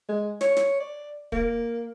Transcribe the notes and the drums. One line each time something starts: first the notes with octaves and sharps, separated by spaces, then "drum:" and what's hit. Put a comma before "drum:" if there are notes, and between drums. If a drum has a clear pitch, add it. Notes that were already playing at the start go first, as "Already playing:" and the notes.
G#3
C#5, drum: snare
drum: snare
D5
A#3, drum: kick